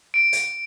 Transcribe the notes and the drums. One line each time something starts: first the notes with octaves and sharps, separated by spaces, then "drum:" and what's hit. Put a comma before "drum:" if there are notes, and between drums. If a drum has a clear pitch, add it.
D7
drum: hi-hat